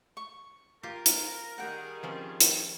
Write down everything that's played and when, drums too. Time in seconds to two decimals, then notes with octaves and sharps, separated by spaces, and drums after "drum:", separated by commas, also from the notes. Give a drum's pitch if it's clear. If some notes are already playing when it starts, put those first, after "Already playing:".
0.17 C#6
0.83 F4 G4 A#4
1.06 drum: hi-hat
1.58 D#3 G3 G#4 F#5 G5
2.03 F3 C4 C#4 F4
2.41 drum: hi-hat